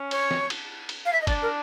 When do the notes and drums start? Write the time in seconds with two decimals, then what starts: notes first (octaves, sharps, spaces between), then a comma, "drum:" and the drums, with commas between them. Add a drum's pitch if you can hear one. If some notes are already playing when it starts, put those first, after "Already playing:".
Already playing: C#4
0.11 C#5, drum: cymbal
0.31 drum: snare
0.50 drum: cymbal
0.89 drum: cymbal
1.05 F5
1.12 E5
1.21 D#5
1.27 D4 D5, drum: kick F#1, cymbal
1.42 A#4